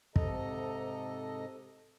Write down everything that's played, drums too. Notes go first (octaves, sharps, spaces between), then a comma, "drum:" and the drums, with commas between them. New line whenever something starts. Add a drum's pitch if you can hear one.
G#2 C3 A4 D#5 A#5, drum: kick